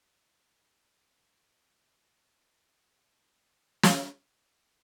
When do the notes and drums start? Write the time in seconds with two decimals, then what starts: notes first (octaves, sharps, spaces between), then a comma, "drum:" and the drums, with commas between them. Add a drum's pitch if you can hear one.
0.48 C#3 D6 F6
0.81 D#4
2.68 A3 F4 G4 G#4
3.83 drum: snare
4.35 D#5